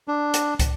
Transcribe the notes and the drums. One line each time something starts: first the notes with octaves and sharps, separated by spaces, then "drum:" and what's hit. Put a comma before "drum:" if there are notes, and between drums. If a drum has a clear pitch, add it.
D4
drum: hi-hat
drum: kick, hi-hat